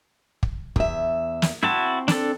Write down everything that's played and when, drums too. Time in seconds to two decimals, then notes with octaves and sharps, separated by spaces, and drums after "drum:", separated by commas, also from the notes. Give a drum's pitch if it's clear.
0.43 drum: kick
0.76 E2 E5, drum: kick
1.42 drum: snare
1.63 C4 E4 F#4 A5
2.08 D4 A4, drum: snare